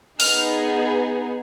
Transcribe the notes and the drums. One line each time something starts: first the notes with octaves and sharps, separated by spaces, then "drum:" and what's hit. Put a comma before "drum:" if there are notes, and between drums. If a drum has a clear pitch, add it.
B3 D#4 G#4 F6, drum: open hi-hat